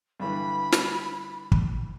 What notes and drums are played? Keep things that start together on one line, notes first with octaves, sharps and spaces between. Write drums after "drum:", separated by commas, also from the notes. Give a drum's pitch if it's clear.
G2 D3 E3 B5
drum: snare
drum: kick